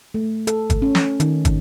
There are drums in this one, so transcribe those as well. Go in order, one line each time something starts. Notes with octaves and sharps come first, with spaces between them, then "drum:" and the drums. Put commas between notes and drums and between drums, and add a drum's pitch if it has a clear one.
A3
A4, drum: hi-hat
drum: kick, hi-hat
C#4
drum: snare
D#3, drum: hi-hat
drum: kick, hi-hat